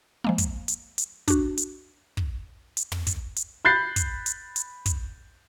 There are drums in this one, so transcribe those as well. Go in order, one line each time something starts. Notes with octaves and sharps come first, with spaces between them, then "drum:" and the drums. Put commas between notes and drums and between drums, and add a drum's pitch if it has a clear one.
F3 G#3 A#3
drum: kick, hi-hat
drum: hi-hat
drum: hi-hat
D4 F#4, drum: kick, hi-hat
drum: hi-hat
drum: kick
drum: hi-hat
drum: tom
drum: kick, hi-hat
drum: hi-hat
B5 F#6 G6 A6 C7
drum: kick, hi-hat
drum: hi-hat
drum: hi-hat
drum: kick, hi-hat